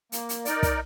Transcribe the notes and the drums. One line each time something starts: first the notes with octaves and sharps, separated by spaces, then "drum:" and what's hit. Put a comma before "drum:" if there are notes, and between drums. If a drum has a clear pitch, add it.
A#3, drum: hi-hat
drum: hi-hat
D#4 A#4 D5, drum: hi-hat
drum: kick, hi-hat